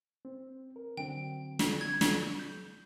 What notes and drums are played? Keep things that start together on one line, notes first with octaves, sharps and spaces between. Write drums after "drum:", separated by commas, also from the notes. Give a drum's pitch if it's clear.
C4
A#4
D3 F#3 C4 G5
drum: snare
G#6
drum: snare
G6